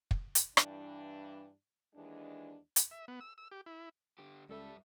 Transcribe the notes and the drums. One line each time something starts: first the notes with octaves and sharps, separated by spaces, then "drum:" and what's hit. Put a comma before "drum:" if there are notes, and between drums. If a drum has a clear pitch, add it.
drum: kick
drum: hi-hat
G2 E3 D4, drum: rim click
D#2 E3 G#3 D4
drum: hi-hat
E5
B3
E6
E6
G4
E4
D3 G4
C#2 G2 G3 A4 E5